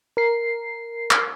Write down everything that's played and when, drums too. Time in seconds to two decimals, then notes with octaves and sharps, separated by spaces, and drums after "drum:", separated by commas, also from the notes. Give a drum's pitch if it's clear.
0.17 A#4 C7
1.11 drum: clap